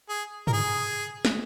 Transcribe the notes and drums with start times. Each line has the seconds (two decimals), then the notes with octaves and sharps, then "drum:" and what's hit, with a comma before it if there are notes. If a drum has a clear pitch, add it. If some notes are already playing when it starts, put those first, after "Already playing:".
0.09 G#4
0.47 A#4, drum: tom G2
0.53 G#4
1.25 drum: snare